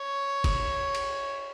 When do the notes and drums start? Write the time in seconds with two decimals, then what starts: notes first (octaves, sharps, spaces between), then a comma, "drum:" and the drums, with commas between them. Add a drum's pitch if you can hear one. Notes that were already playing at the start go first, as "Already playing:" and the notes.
Already playing: C#5
0.44 drum: kick, cymbal
0.95 drum: cymbal